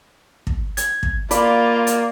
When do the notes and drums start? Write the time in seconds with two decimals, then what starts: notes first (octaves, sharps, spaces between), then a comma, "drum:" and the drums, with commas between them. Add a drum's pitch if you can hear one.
0.47 drum: kick
0.77 G#6, drum: hi-hat
1.03 drum: kick
1.31 A#3 F4 D5 B5, drum: hi-hat
1.87 drum: hi-hat